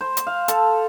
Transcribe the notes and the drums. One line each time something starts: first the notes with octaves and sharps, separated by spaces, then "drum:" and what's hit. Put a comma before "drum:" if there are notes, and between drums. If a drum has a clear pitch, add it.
C5
drum: hi-hat
F5
A4, drum: hi-hat